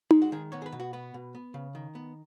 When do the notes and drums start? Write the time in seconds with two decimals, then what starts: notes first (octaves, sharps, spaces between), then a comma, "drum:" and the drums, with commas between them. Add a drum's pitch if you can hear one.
0.11 G#3, drum: tom D#4
0.22 F#4
0.32 D#3 G#4
0.52 B3 C#5
0.62 G#4
0.66 B4
0.72 B2
0.80 F#4
0.93 B3 B4
1.14 B2
1.35 B3
1.54 C#3
1.75 D#3
1.95 B3